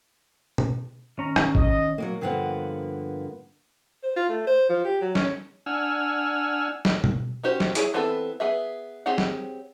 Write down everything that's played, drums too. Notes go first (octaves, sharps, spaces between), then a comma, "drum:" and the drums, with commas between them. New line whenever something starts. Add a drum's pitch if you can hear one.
drum: tom B2
D#3 C#4 A#5
drum: rim click
D#5, drum: kick A1
F#3 G#3 A#3
G2 D3 F3 A#3 B3 F#5
C5
F4
A3
C5
F3
G4
F#3
C#4, drum: snare
D4 F#5 G#5 E6 F6
drum: snare
drum: tom B2
C#4 F#4 G4 C5
drum: snare
E4 G#4 A4 C#5, drum: hi-hat
E3 B3 C4 E4 A4
B3 G#4 E5
C4 G4 G#4 C#5 F#5
drum: snare